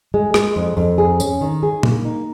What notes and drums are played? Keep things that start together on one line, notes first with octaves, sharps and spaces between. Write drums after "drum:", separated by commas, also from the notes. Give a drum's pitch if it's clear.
G#3
G#3, drum: rim click
F2
F2
G#4
C#4, drum: tambourine
D#3
G#4
A#3, drum: tom A#2
D#4